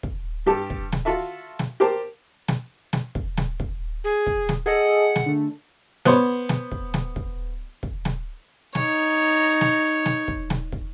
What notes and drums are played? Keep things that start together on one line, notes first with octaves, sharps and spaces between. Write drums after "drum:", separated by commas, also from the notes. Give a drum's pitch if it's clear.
drum: kick
G2 G4 A4 A5
drum: kick
drum: snare
F4 F#4 A4 E5
drum: snare
G4 A#4 C5 A5 D6
drum: snare
drum: snare
drum: kick
drum: snare
drum: kick
G#4
drum: kick
drum: snare
G#4 A4 D#5 F#5
drum: snare
D3 A3
B3 C5 C#5, drum: snare
drum: snare
drum: kick
drum: snare
drum: kick
drum: kick
drum: snare
D#4 C#5, drum: snare
drum: snare
drum: snare
drum: kick
drum: snare
drum: kick